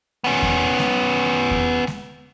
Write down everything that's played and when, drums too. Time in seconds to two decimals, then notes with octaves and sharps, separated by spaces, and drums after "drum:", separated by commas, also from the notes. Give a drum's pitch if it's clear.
0.24 B3 C#4
0.42 drum: kick E2
0.79 drum: snare G#3
1.51 drum: kick E2
1.87 drum: snare G#3